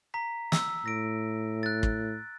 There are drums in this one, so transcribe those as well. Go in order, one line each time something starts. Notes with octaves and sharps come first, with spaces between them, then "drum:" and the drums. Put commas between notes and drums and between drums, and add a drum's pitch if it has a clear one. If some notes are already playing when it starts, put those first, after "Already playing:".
A#5 B6
E6, drum: snare
A2 A#6 D7
F#6 A6
drum: kick